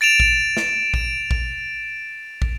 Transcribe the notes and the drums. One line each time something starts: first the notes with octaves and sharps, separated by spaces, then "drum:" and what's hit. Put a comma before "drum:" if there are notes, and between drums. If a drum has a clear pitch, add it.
A6 D7 E7 F7
drum: kick
drum: snare
D7, drum: kick
drum: kick
drum: kick